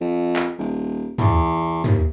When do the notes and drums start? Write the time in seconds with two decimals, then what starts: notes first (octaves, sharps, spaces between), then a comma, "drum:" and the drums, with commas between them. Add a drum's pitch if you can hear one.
0.01 F2
0.36 drum: clap
0.59 D#1
1.18 E2, drum: tom
1.84 D#2, drum: tom